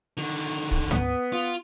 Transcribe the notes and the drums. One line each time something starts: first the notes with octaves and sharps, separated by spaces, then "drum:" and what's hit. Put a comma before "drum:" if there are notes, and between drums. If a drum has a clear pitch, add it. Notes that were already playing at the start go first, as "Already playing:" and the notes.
D3 D#3
drum: kick
B3, drum: tom
F4